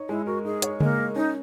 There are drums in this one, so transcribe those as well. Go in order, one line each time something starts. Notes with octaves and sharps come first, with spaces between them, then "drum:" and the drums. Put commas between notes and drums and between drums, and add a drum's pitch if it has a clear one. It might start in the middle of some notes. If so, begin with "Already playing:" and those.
Already playing: D#4 C#5
G#3 E4
F#4 A#4
D#4 G#4
C#5, drum: hi-hat
G#3 A#3, drum: tom C#3
A#4
C#4 D#4